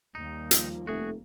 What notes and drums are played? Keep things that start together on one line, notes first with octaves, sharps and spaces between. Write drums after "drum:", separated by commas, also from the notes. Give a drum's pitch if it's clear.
D#2 G3 A#3 D#4
F3, drum: hi-hat
F1 A3 F#4 G#4